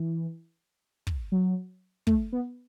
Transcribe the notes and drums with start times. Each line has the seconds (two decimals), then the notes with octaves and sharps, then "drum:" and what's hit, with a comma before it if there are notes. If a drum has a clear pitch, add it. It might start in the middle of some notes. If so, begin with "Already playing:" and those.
Already playing: E3
1.07 drum: kick
1.32 F#3
2.07 A3, drum: kick
2.32 B3